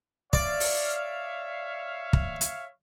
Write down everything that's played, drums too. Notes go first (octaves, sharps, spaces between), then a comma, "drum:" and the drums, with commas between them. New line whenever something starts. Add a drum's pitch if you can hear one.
C#5 D5 E5 F5, drum: kick
drum: open hi-hat
drum: kick
drum: hi-hat